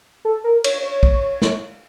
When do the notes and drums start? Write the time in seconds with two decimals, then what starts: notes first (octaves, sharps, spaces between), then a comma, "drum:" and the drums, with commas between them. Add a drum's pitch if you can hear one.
0.25 A4
0.44 A#4
0.64 C#5, drum: cymbal
0.83 C#5
1.03 drum: kick
1.42 drum: snare